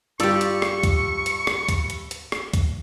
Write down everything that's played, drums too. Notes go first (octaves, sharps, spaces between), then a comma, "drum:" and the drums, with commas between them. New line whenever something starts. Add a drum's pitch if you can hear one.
G2 F4 G4 D5 C#6 E6, drum: hi-hat
drum: hi-hat
drum: rim click
drum: kick D2, hi-hat
drum: hi-hat
drum: rim click
drum: kick D2, hi-hat
drum: hi-hat
drum: hi-hat
drum: rim click
drum: kick D2, hi-hat